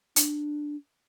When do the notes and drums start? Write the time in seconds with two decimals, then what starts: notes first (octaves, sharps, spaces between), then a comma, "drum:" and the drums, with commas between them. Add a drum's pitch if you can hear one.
0.16 D4, drum: hi-hat